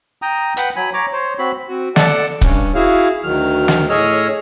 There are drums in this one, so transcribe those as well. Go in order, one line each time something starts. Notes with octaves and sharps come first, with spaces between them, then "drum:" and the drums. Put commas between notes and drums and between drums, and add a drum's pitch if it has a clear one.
G5 A#5 D#6
B4 F#5 G5 B5, drum: hi-hat
F#3 G#5 B5
C#5 A#5 D6
C5 C#5
C4 F#4 B5
C4 F#4
A4 D5 F#5 A5, drum: snare
G2 C#4, drum: kick
E4 F#4 G#4 F5
D2 D#3 F#3 F6
drum: snare
A2 G#4 C#5 D#5 E6 F6